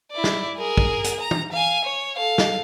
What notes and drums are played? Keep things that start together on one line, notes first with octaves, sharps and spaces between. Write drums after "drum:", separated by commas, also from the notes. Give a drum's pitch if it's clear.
E4 D5
drum: snare
G#4 A#4
drum: kick
drum: hi-hat
A#5
drum: tom
F5 G#5
C#5
A4 F5
drum: snare